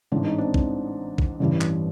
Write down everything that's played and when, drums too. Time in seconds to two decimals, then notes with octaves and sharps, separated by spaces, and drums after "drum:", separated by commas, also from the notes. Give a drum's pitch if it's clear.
0.12 A1 G#2 E3 D4
0.24 D#4
0.38 C4 D4
0.54 drum: kick A#1
1.18 drum: kick A#1
1.40 A1 G2 E3
1.61 drum: clap